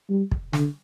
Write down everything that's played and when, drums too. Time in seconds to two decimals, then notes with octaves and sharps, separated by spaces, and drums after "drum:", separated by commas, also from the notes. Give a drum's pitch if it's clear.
0.10 G3
0.31 drum: kick
0.53 D3, drum: snare